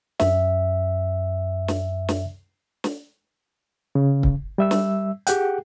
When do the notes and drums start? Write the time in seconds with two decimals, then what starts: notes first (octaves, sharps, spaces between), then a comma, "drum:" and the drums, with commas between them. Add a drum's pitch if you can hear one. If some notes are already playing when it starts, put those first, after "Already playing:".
0.20 F#2 E5, drum: snare
1.68 drum: snare
2.09 drum: snare
2.84 drum: snare
3.95 C#3
4.23 drum: kick C#1
4.58 G3 E5 E6
4.71 drum: snare
5.27 G4 G#4 F#5 G5, drum: hi-hat